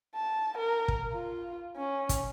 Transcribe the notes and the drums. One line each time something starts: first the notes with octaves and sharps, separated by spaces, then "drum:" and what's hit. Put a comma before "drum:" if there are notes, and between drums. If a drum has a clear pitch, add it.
A5
A#4
drum: kick
F4
C#4
drum: kick, hi-hat